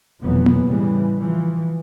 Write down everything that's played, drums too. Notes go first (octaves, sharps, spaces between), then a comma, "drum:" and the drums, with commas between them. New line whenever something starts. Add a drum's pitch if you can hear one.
F1 F2 B2 E3 F#3 B3
drum: tom A#3
A2 C#3 E3 G3 G#3
E3 F3